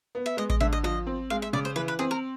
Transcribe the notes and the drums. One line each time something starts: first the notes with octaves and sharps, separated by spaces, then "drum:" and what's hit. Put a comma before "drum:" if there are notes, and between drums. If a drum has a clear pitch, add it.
B3
E5
G#3 D#5
D#5, drum: kick A1
D3 E5
D#5
F3 D#5
C4
G#3 F5
E5
C#3 D5
C5
E3 B4
B4
C4 G#4
A#4